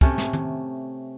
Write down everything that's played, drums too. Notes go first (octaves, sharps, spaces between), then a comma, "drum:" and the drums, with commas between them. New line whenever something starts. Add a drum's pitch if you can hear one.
C3 A3 C#4, drum: kick
drum: snare
drum: tom